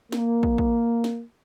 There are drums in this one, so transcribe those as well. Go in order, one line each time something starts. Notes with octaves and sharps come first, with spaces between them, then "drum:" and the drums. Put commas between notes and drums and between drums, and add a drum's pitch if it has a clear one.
A#3, drum: snare
drum: kick
drum: kick
drum: snare